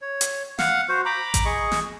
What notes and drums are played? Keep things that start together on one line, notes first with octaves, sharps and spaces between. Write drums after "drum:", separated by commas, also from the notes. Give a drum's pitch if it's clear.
C#5
drum: hi-hat
F5 F#5, drum: snare
F#4 C5
A#5 B5 D6
drum: kick A1, hi-hat
G#4 D#5 C#6
drum: snare